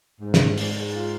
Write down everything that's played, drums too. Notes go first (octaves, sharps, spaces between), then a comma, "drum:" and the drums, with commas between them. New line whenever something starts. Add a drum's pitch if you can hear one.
G#2
drum: snare
G#2, drum: open hi-hat
F4